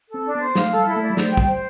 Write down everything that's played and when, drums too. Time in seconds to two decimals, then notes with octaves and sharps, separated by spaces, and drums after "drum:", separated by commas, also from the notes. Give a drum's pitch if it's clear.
0.09 A4
0.14 C4
0.25 D4
0.35 B3 C5
0.55 A3 F5, drum: snare
0.71 A4
0.76 G3
0.86 E4
0.97 A3
1.02 D5
1.10 G3
1.17 A3 C5, drum: snare
1.32 G5
1.37 G3, drum: kick
1.48 C5